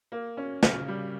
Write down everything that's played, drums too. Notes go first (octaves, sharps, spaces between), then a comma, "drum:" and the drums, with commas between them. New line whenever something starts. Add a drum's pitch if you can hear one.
A#3
C#4
C#3, drum: snare
G3